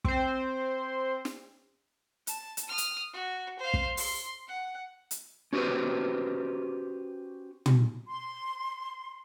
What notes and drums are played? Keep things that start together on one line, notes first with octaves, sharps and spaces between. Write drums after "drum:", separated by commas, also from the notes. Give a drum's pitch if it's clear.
C4 C5, drum: kick
drum: snare
A5, drum: hi-hat
drum: hi-hat
D#6 F6
drum: hi-hat
F#4
C5 F5
drum: kick
C6, drum: open hi-hat
F#5
drum: hi-hat
C#4 F#4 G4 B4 C5
drum: tom
C6